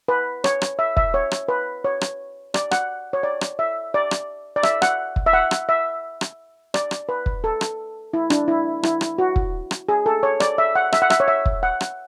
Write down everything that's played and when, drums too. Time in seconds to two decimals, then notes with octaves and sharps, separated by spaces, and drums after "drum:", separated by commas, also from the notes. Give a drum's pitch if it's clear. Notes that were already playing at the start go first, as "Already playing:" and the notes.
0.08 B4
0.44 C#5, drum: rim click
0.62 drum: rim click
0.79 E5
0.97 E5, drum: kick
1.14 C#5
1.31 drum: rim click
1.48 B4
1.84 C#5
2.01 drum: rim click
2.54 D5, drum: rim click
2.71 F#5, drum: rim click
3.13 C#5
3.23 D5
3.41 drum: rim click
3.59 E5
3.94 D5
4.11 drum: rim click
4.56 D5
4.63 E5, drum: rim click
4.82 F#5, drum: rim click
5.16 drum: kick
5.26 E5
5.33 F#5
5.51 drum: rim click
5.69 E5
6.21 drum: rim click
6.74 D5, drum: rim click
6.91 drum: rim click
7.09 B4
7.26 drum: kick
7.44 A4
7.61 drum: rim click
8.13 E4
8.30 D4, drum: rim click
8.48 E4
8.83 E4, drum: rim click
9.01 drum: rim click
9.18 F#4
9.36 drum: kick
9.71 drum: rim click
9.89 G#4
10.06 A4
10.23 C#5
10.40 D5, drum: rim click
10.58 E5
10.75 F#5
10.92 E5, drum: rim click
11.02 F#5
11.10 E5, drum: rim click
11.20 C#5
11.28 E5
11.46 drum: kick
11.63 F#5
11.81 drum: rim click